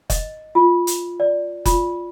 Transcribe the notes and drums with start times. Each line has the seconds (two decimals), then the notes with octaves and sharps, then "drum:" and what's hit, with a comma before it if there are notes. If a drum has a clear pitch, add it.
0.10 D#5, drum: kick F#1, hi-hat
0.55 F4
0.87 drum: hi-hat
1.20 D5
1.65 F4, drum: kick F#1, hi-hat